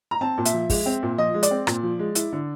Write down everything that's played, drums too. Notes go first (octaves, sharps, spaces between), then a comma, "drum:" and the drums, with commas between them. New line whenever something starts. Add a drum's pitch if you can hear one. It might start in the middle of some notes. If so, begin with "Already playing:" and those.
A#5
C4 A5
A#2
E5, drum: hi-hat
F3
G#3, drum: kick, open hi-hat
C4
A#2
F3 D#5
G#3
D5, drum: hi-hat
C4
A#2, drum: rim click
F3
G#3
E4, drum: hi-hat
D3